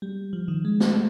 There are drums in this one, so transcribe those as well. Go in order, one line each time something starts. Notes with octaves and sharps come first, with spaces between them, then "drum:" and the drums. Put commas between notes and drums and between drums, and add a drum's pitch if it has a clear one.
G3
F3
D#3
G#3
A3, drum: snare